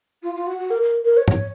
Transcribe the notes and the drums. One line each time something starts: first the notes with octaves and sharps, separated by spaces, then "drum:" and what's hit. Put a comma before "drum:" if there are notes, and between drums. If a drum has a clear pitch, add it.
F4
F4
F#4
F#4
A#4
A#4
A#4
C#5
C#5, drum: tom G#2